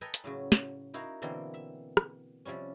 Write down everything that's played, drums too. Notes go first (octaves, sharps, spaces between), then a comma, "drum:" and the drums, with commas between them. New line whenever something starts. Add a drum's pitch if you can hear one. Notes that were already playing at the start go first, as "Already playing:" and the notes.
A4 B4 D#5 G5 G#5 A#5
drum: hi-hat
A2 C#3 F#3
drum: snare
D#4 E4 F#4 A#4 F5
B2 D3 E3 A#3 C4
E5
drum: rim click
C3 F3 G3 C#4